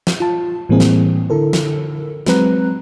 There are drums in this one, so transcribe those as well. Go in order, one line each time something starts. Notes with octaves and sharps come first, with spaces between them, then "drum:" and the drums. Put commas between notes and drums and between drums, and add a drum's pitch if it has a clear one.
drum: snare
F4 A5
A2 E3 G3 A#3 C4 G#4
drum: snare
D3 E4 A4 A#4
drum: snare
F#3 G#3 C4 B4 A#5 F#6, drum: snare